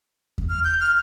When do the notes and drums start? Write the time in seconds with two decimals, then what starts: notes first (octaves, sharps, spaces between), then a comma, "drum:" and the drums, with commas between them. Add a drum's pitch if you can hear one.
0.38 drum: kick E2
0.49 F6
0.64 G6
0.80 F6